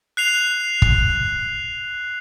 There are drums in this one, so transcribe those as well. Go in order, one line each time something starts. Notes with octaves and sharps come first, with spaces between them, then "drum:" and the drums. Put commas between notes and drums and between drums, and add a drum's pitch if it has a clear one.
F#6 C7 F7
drum: kick